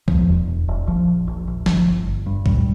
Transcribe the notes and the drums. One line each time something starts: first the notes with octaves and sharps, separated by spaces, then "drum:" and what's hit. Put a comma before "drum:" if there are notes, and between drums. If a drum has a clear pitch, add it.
E2 F3, drum: kick
E1
E1
E1
A#1 F3
A#1
A#1
A#1
G1 F3, drum: snare
G1
G1
G2
A#2 G3, drum: kick